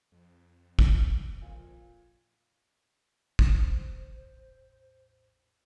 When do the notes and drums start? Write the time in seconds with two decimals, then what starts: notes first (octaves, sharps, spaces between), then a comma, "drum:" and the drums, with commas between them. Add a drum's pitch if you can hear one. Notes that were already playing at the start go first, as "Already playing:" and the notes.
0.12 F2
0.79 drum: kick
1.42 A#2
3.39 A1 E2 C5, drum: kick